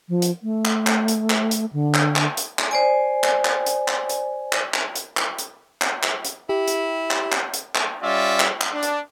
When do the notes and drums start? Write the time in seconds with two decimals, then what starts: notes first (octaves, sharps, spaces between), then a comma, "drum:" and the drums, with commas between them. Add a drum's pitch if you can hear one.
0.09 F3
0.22 drum: hi-hat
0.43 A3
0.65 drum: clap
0.87 drum: clap
1.08 drum: hi-hat
1.30 drum: clap
1.51 drum: hi-hat
1.73 D3
1.94 drum: clap
2.16 drum: clap
2.37 drum: hi-hat
2.59 drum: clap
2.71 C5 D5 G#5
3.23 drum: clap
3.45 drum: clap
3.66 drum: hi-hat
3.88 drum: clap
4.09 drum: hi-hat
4.52 drum: clap
4.74 drum: clap
4.95 drum: hi-hat
5.17 drum: clap
5.39 drum: hi-hat
5.82 drum: clap
6.03 drum: clap
6.25 drum: hi-hat
6.49 E4 G4
6.68 drum: hi-hat
7.11 drum: clap
7.32 drum: clap
7.54 drum: hi-hat
7.75 drum: clap
8.03 G3 C#4 F4 D5 E5
8.40 drum: clap
8.61 drum: clap
8.73 D4
8.83 drum: hi-hat